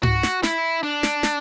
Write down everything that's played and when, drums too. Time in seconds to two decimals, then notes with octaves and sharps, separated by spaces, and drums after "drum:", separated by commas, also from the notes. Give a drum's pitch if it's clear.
0.03 F#4, drum: tom G#2
0.23 drum: snare
0.43 E4, drum: snare
0.83 D4
1.03 drum: snare
1.23 drum: snare